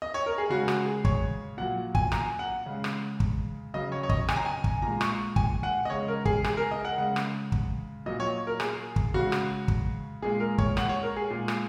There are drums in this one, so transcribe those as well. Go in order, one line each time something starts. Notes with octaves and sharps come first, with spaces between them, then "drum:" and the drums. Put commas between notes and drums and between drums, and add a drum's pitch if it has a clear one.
D#5
C#5
A#4
G#4
C#3 G#3 F#4
F#4, drum: rim click
G#4
C#5, drum: kick
A#2 F#3 F#5
G#5, drum: kick
A#5, drum: rim click
F#5
C#3 G#3
drum: rim click
drum: kick
C#3 F#3 D#5
C#5
C#5
D#5, drum: kick
G#5, drum: rim click
A#5
G#5
drum: kick
A#2 G#3 A#5
C#6, drum: rim click
G#5, drum: kick
F#5
D#5
C#3 G#3 C#5
A#4
G#4, drum: kick
G#4, drum: rim click
A#4
D#5
F#5
C#3 G#3 F#5
drum: rim click
drum: kick
A#2 F#3 D#5
C#5
A#4
G#4, drum: rim click
drum: kick
C#3 G#3 F#4
drum: rim click
drum: kick
A#2 G#3 G#4
A#4
C#5, drum: kick
F#5, drum: rim click
C#5
A#4
G#4
A#2 G#3
drum: rim click